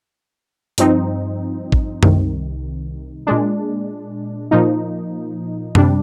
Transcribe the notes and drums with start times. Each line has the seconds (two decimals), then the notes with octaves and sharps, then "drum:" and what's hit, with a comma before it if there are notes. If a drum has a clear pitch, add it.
0.78 G2 F3 C4 D#4, drum: hi-hat
1.72 drum: kick G#1
2.03 C2 C3 D#3, drum: tom F#2
3.27 A#2 G#3 D4
4.51 A#2 F3 A#3 D#4
5.75 C3 G3 D4, drum: tom F#2